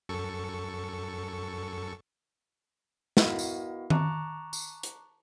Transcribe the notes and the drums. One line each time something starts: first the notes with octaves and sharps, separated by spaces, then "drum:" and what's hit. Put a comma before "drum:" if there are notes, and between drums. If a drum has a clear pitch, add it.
F#2 A4 C#6
B3 E4 F#4 A#4 D#5 F5, drum: snare
drum: tambourine
A5 A#5 C#6 D6 F#6, drum: tom D#3
drum: tambourine
drum: hi-hat